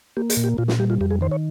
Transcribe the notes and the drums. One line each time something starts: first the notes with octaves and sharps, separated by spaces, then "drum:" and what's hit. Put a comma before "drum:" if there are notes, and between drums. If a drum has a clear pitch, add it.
A#3 G4
G#4, drum: hi-hat
A#2
G4
A#2 F4
F4, drum: snare
G3 G4
F4
F2 G4
G#4
D#3 C5
C#5